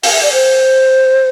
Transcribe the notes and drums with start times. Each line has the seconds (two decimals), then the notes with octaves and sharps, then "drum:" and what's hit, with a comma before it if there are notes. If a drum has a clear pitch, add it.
0.03 F5, drum: open hi-hat
0.13 E5
0.23 D5
0.33 C5